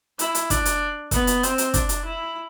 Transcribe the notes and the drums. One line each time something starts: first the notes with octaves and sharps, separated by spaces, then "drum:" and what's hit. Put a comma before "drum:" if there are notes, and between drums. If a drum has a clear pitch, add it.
E4, drum: hi-hat
drum: hi-hat
D4, drum: kick, hi-hat
drum: hi-hat
B3, drum: kick, hi-hat
drum: hi-hat
C4, drum: hi-hat
drum: hi-hat
D4, drum: kick, hi-hat
drum: hi-hat
E4